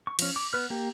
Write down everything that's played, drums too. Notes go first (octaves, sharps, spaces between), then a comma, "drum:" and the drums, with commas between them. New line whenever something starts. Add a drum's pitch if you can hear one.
C#6
F3 C#4, drum: cymbal
D6
B3 B4 F6
A#3 G4